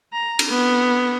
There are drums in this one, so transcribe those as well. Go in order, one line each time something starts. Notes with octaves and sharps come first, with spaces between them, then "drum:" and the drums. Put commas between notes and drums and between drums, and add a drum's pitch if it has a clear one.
A#5
drum: cymbal
B3